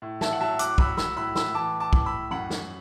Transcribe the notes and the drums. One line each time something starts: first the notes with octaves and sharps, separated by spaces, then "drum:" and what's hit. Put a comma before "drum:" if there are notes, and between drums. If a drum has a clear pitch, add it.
A2
E5 A5, drum: snare
F#5
F#3 E5 A5
D6 F#6, drum: hi-hat
F#3 B5 E6, drum: kick
B5 E6, drum: snare
A2 B5 E6
B5 E6, drum: snare
E3 A5 D6
A5 D6
A2, drum: kick
B5 E6
F#2 F#5 B5
drum: snare